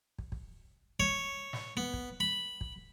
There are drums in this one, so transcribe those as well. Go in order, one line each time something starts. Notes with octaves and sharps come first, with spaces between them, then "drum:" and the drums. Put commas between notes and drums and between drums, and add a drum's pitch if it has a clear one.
drum: kick
drum: kick
C#5, drum: kick
drum: snare
B3
drum: kick
B5
drum: kick